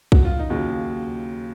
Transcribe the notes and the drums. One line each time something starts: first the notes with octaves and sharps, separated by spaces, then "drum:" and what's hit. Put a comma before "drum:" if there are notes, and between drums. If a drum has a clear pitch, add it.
F#4, drum: kick B1
F4
D#4
D#2 C#3 F#3 F4